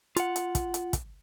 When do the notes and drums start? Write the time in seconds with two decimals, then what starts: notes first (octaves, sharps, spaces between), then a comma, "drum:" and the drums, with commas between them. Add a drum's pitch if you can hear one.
0.17 F4 F#5, drum: hi-hat
0.36 drum: hi-hat
0.55 drum: kick, hi-hat
0.74 drum: hi-hat
0.93 drum: kick, hi-hat